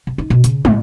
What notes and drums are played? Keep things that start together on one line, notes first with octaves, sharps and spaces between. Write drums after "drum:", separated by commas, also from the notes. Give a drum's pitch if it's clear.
C3
D#4
B2
C#3, drum: hi-hat
A2, drum: tom